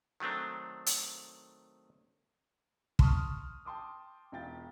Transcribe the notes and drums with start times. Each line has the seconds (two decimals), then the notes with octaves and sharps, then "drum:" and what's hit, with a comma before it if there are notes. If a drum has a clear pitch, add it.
0.20 D#3 F#3 A3 C4 D4
0.86 drum: hi-hat
2.99 A5 C6 C#6 D#6 F6, drum: kick
3.65 G5 A5 C6 D6 D#6
4.32 E1 F4 G5 A6